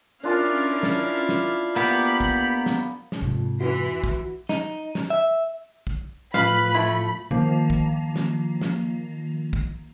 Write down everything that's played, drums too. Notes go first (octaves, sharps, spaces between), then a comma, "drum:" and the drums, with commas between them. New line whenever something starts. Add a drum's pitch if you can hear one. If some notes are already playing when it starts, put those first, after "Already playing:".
C#4 D4 E4 F4 A#4 F5 A5
drum: snare
drum: snare
A#3 B3 G4 B5
drum: kick
drum: snare
drum: snare
F2 G#2 C3
E3 F#4
drum: kick
D#4, drum: snare
drum: snare
E5
drum: kick
A2 F3 B4 F5 B5, drum: snare
A3 E4
D#3 F3 A#3
drum: kick
drum: snare
drum: snare
drum: kick